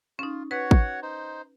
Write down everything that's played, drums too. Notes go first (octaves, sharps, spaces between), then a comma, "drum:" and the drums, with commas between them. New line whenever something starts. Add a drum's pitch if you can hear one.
C#4 D#4 F4
F#4 B4 C#5 F#5
drum: kick
D#4 C5